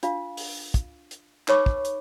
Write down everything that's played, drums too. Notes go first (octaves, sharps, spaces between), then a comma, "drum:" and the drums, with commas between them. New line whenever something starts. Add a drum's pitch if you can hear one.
D4 F4 F5, drum: hi-hat
drum: open hi-hat
drum: kick, hi-hat
drum: hi-hat
D#4 B4 C#5 B5 C#6 D6, drum: clap
drum: kick
drum: hi-hat